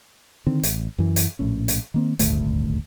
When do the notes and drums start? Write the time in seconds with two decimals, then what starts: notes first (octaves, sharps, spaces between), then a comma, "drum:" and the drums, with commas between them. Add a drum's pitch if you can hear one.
0.47 D3 D#3 C4
0.63 A1, drum: hi-hat
0.98 F#2 E3
1.16 drum: hi-hat
1.39 A#1 A2 C#4
1.68 drum: hi-hat
1.94 D#3 A#3 C4
2.19 D#1 G#1 D2 A3, drum: hi-hat